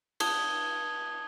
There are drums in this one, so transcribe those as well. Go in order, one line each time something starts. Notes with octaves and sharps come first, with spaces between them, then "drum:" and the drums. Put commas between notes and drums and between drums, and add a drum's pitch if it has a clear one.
A5 D#6 G#6 G7, drum: cymbal